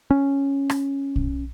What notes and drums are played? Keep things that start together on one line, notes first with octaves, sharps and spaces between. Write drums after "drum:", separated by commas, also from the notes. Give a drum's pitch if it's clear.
C#4
drum: rim click
drum: kick